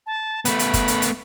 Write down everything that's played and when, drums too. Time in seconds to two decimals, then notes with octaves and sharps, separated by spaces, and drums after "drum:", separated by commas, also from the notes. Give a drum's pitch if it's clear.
0.06 A5
0.45 A3 B3 B5, drum: hi-hat
0.59 drum: hi-hat
0.74 drum: kick F#1, hi-hat
0.88 drum: hi-hat
1.02 drum: hi-hat